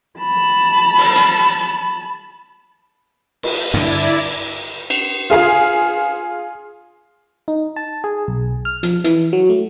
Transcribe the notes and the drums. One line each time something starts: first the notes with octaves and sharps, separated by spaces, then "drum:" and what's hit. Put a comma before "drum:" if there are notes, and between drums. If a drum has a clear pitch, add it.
A5 B5
drum: open hi-hat
drum: hi-hat
drum: cymbal
G2 D3 E4 D5 G#6
drum: cymbal
F4 G#4 F5 G#5
D#4
A5
G#4
B1
F6
F3, drum: hi-hat
E3, drum: hi-hat
F#3
A3